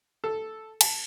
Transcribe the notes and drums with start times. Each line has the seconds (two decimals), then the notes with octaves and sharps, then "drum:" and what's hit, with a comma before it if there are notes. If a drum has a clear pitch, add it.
0.24 A4
0.81 A5, drum: cymbal